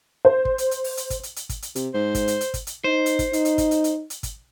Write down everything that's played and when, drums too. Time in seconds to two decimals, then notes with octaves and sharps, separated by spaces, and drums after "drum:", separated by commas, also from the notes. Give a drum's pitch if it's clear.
0.25 C5
0.45 drum: kick
0.58 drum: hi-hat
0.71 drum: hi-hat
0.84 drum: open hi-hat
0.97 drum: hi-hat
1.10 drum: kick, hi-hat
1.23 drum: hi-hat
1.36 drum: hi-hat
1.49 drum: kick, hi-hat
1.62 drum: hi-hat
1.75 C3, drum: hi-hat
1.94 G#2 C5
2.15 drum: kick, hi-hat
2.28 drum: hi-hat
2.41 drum: hi-hat
2.54 drum: kick, hi-hat
2.67 drum: hi-hat
2.84 D#4 C5
3.06 drum: hi-hat
3.19 drum: kick, hi-hat
3.33 D#4, drum: hi-hat
3.45 drum: hi-hat
3.58 drum: kick, hi-hat
3.71 drum: hi-hat
3.84 drum: hi-hat
4.10 drum: hi-hat
4.23 drum: kick, hi-hat